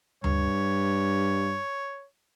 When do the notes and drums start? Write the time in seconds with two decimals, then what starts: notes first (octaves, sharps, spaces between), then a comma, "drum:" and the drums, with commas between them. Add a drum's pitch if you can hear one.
0.24 G2 C#5, drum: tom D2